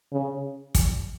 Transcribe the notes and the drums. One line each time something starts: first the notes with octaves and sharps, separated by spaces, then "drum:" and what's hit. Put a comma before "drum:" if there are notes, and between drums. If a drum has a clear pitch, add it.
C#3
drum: kick, hi-hat